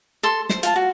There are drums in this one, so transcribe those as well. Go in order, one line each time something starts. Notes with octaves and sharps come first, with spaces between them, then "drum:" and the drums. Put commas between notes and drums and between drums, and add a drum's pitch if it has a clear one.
A4 C6
C5, drum: snare
F4 A5, drum: hi-hat
F#4